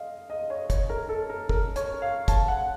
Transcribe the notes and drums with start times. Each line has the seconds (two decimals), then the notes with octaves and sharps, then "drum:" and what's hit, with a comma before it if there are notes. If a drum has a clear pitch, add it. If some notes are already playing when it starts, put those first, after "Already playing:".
Already playing: D#5 F5
0.30 D#5
0.50 C#5
0.70 C#5, drum: kick, hi-hat
0.89 A#4
1.09 A4
1.29 A#4
1.49 A#4, drum: kick
1.76 C#5, drum: hi-hat
2.02 F5
2.28 A5, drum: kick, hi-hat
2.48 F#5